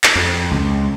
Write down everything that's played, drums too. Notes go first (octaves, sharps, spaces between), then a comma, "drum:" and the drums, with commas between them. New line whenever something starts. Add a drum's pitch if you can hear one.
drum: clap
F2
C#2